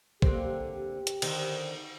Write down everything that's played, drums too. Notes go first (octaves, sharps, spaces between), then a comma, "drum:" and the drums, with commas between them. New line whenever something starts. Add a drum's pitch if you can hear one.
D3 A#3 C4 G4, drum: kick
drum: hi-hat
D3 D#3 C4, drum: cymbal